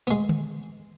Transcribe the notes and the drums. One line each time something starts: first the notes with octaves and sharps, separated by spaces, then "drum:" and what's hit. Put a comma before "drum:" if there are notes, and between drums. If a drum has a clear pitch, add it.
G#3 B3, drum: tambourine
drum: tom D3